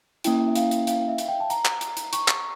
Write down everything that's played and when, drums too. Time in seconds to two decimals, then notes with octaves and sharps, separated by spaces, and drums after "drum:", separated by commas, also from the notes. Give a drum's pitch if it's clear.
0.24 A#3 C#4 E4 G5, drum: hi-hat
0.48 E5
0.55 F5, drum: hi-hat
0.71 drum: hi-hat
0.87 F5, drum: hi-hat
1.08 E5
1.18 drum: hi-hat
1.28 G5
1.40 A5
1.50 A#5, drum: hi-hat
1.65 drum: clap
1.81 drum: hi-hat
1.97 drum: hi-hat
2.13 C#6, drum: hi-hat
2.28 drum: clap